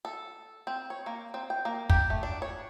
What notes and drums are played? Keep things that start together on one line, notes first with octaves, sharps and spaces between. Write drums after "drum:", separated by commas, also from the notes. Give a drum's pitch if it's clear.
A4
C4
C#5
A#3
C4
G5
A#3
G4, drum: kick
A3
D4
C#5